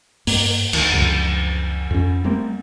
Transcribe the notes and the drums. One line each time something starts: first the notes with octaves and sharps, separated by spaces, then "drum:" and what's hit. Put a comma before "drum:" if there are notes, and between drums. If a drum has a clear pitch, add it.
G2 A#3, drum: open hi-hat
D2 D#3, drum: cymbal
C#2 F#2 D3 F3
F2 C#4
G3 A3 A#3 C4